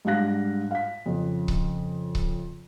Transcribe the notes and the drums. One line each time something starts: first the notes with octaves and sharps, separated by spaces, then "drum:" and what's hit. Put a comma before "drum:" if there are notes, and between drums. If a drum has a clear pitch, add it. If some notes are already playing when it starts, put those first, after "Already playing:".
G#2 G3 D4 F5 F#6 A#6
F5 B6
F2 C#3
drum: kick C#1
drum: kick C#1